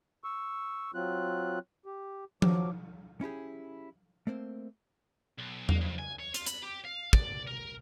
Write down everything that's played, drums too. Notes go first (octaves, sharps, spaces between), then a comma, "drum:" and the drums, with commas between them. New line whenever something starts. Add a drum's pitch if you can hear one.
C#6 E6
F#3 C4 F4 F#6
G4
F3 F#3 D6, drum: tom F3
C#4 E4 G4 G#4
A3 A#3 C4 C5
B1
A#3, drum: tom E2
F2
G#5
C#5
F4, drum: hi-hat
B5, drum: hi-hat
G4
F5
D5, drum: kick
A#4